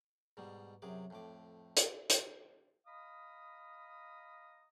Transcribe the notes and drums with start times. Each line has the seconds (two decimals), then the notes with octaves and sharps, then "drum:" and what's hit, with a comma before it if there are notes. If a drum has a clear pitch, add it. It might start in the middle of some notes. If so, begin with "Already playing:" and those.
0.37 G#2 B2 G3
0.82 F#2 C3 G#4 D6
1.10 F2 A2 D6
1.77 drum: hi-hat
2.10 drum: hi-hat
2.87 D#5 F5 A#5 B5 D#6